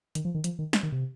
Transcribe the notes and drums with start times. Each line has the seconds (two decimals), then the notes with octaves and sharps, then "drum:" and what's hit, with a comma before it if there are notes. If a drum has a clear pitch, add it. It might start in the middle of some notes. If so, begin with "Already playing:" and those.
0.15 D#3, drum: hi-hat
0.25 F3
0.34 D#3
0.44 F3, drum: hi-hat
0.59 D#3
0.73 drum: snare
0.83 D#3
0.92 C3